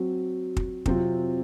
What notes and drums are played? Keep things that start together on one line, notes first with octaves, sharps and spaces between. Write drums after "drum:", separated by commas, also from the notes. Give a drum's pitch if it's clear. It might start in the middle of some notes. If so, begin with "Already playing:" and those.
Already playing: F#3 C4 F#4
drum: kick
C3 F#3 C4 F4, drum: kick